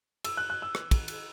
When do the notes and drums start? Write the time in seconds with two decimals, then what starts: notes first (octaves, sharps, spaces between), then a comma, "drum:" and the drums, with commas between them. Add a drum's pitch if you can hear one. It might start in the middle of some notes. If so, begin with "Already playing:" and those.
0.25 E6, drum: cymbal
0.37 F#6
0.50 F#6
0.62 E6
0.75 drum: rim click
0.91 drum: kick, cymbal
1.08 drum: cymbal